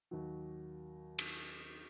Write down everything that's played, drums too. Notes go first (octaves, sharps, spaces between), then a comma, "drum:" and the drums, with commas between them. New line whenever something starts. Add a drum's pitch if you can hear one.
D#2 F#3
drum: cymbal